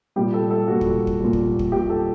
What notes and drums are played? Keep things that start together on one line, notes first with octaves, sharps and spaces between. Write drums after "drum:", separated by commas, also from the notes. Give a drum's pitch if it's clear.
A#2 G3 G4
A4
A4
A#2 G3 F#4
drum: kick
drum: kick
A#2 G3
drum: kick
drum: kick
A#2 G3 G4
A4